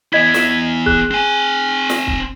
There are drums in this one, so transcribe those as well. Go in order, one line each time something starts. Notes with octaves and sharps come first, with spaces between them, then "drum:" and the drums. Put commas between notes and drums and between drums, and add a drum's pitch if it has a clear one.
B3 E4 D#5 G#6 B6
drum: snare
G#4 F#6, drum: kick
C4 G#5
drum: snare
drum: kick